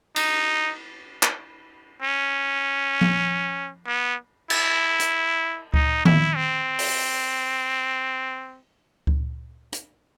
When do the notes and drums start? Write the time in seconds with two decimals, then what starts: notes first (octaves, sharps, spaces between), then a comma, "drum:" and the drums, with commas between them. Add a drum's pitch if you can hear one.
0.16 D#4, drum: cymbal
1.23 drum: clap
2.02 C#4
3.01 drum: tom F3
3.87 B3
4.50 E4, drum: cymbal
5.00 drum: hi-hat
5.74 D#4, drum: kick C#2
6.05 E4, drum: tom D#3
6.36 C4
6.79 drum: open hi-hat
9.07 drum: kick C#2
9.73 drum: hi-hat